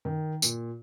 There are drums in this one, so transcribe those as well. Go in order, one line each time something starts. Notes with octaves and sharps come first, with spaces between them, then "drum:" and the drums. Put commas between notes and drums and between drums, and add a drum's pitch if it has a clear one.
D#3
A#2, drum: tambourine